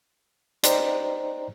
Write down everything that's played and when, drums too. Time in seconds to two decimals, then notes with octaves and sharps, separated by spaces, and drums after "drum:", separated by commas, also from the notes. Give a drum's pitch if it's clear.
0.63 D#4 C5 D5 D#5 G5 A#5, drum: hi-hat